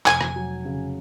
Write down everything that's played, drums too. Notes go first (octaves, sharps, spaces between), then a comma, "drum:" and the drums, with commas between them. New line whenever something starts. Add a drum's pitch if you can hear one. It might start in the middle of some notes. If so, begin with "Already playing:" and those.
F1 G#5, drum: clap
drum: rim click
F#3
C#3